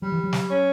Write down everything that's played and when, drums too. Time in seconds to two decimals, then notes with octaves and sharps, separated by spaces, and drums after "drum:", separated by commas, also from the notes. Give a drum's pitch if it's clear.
0.02 F#3 G3
0.12 E3
0.24 F#3
0.33 drum: snare
0.48 C#4